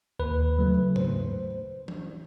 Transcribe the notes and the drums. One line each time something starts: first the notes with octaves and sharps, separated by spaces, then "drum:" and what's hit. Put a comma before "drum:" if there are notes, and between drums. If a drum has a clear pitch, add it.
D#2 B4
C#3 F#3 A3
C5, drum: tom G#2
drum: tom E3